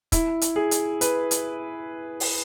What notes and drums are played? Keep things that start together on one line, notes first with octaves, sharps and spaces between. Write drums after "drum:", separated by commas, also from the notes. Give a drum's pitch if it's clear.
E4, drum: kick, hi-hat
drum: hi-hat
G#4
drum: hi-hat
B4, drum: hi-hat
drum: hi-hat
drum: open hi-hat